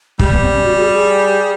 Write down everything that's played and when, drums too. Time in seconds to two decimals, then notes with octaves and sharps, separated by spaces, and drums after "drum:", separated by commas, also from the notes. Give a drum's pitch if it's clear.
0.19 G3 G#3, drum: kick
0.30 B3
0.41 C4
0.53 C#4
0.64 F#4
0.79 G#4
0.92 G#4